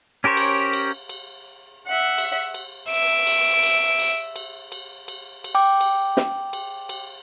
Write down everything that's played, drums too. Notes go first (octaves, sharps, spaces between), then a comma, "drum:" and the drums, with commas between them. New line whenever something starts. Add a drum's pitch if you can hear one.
C#4 G4 A#4 C5 C#5
drum: cymbal
drum: cymbal
drum: cymbal
E5 F#5
drum: cymbal
drum: cymbal
E5 D7
drum: cymbal
drum: cymbal
drum: cymbal
drum: cymbal
drum: cymbal
drum: cymbal
drum: cymbal
G5 D6
drum: cymbal
drum: snare
drum: cymbal
drum: cymbal